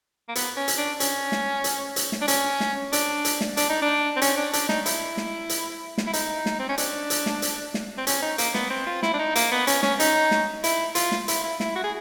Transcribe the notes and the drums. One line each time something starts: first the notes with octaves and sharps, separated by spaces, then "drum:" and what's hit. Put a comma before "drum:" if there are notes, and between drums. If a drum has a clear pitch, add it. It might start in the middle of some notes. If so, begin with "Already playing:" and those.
A#3
B3, drum: hi-hat
C#4
drum: hi-hat
D4
C#4, drum: hi-hat
drum: snare
drum: hi-hat
drum: hi-hat
drum: snare
D4
C#4, drum: hi-hat
drum: snare
D4, drum: hi-hat
drum: hi-hat
drum: snare
D4, drum: hi-hat
D#4
D4
C4
C#4, drum: hi-hat
D4
D4, drum: hi-hat
D#4, drum: snare
E4, drum: hi-hat
drum: snare
drum: hi-hat
drum: snare
E4
D#4, drum: hi-hat
drum: snare
C4
C#4
D4, drum: hi-hat
drum: hi-hat
drum: snare
drum: hi-hat
drum: snare
C4
C#4, drum: hi-hat
D#4
A#3, drum: hi-hat
B3, drum: snare
C4
F4
E4, drum: snare
D4
D#4
A#3, drum: hi-hat
B3
C#4, drum: hi-hat
C#4, drum: snare
D#4, drum: hi-hat
drum: snare
E4, drum: hi-hat
F4, drum: hi-hat
drum: snare
E4, drum: hi-hat
E4
E4, drum: snare
F#4
G#4